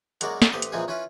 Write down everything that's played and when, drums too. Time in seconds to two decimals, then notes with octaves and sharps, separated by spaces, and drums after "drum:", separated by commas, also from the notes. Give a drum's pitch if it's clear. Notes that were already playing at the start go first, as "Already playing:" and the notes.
0.21 F#2 G#3 A#3 F#4 A#4 D5, drum: hi-hat
0.42 drum: snare
0.52 A1 G4 C5 D#6
0.62 drum: hi-hat
0.72 A#2 E3 F3 G#3 C4 G#4
0.88 C#4 E4 F4 B4